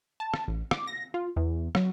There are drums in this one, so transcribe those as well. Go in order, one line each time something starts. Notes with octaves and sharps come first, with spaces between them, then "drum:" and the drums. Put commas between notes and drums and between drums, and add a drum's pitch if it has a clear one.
A5
drum: rim click
A1
D6, drum: rim click
A#6
F4
E2
F#3, drum: rim click